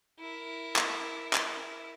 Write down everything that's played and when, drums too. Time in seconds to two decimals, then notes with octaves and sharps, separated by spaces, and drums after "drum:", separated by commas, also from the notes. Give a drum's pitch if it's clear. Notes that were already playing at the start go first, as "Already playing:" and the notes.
0.19 E4 A#4
0.76 drum: clap
1.33 drum: clap